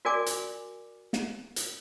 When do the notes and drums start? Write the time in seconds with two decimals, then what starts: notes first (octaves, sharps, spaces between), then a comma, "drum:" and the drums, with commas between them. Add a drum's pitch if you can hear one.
0.05 F#4 A#4 D5 G#5 D6
0.26 drum: hi-hat
1.13 drum: snare
1.56 drum: hi-hat